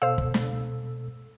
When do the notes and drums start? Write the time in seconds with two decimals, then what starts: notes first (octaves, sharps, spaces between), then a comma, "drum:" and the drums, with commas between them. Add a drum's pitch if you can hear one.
0.02 B2 A4 C5 F5 E6
0.18 drum: kick
0.34 drum: snare